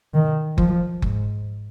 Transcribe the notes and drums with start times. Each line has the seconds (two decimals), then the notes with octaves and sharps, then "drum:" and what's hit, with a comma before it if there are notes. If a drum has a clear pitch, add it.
0.14 D#3
0.58 F3, drum: kick F#1
1.02 G#2, drum: kick F#1